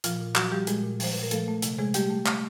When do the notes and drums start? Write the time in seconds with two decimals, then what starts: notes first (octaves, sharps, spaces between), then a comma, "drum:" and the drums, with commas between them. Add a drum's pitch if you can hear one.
0.04 A#2 F3 F4, drum: hi-hat
0.20 A#2
0.35 F3 F#3 F#4, drum: clap
0.51 F3 G3 G4
0.67 A#2 G#3 G#4, drum: hi-hat
0.83 A#2
1.00 F3 C5, drum: open hi-hat
1.12 A#2 B4
1.23 A#4
1.31 F3 A3 A4, drum: hi-hat
1.48 A3
1.62 C3, drum: hi-hat
1.78 C3 G#3 G#4
1.94 G3 A3 G4, drum: hi-hat
2.10 A3
2.26 A3, drum: clap